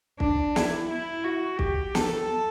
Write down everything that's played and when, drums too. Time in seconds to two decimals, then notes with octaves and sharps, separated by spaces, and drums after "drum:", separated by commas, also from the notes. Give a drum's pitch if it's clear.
0.20 D4, drum: kick
0.56 E4, drum: snare
0.90 E4
1.24 F#4
1.59 G4, drum: kick
1.95 A4, drum: snare